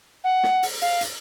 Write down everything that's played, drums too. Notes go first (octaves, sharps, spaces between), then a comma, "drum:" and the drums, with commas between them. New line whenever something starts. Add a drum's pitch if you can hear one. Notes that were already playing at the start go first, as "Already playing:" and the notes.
F#5
drum: snare
drum: open hi-hat
F5, drum: open hi-hat
drum: hi-hat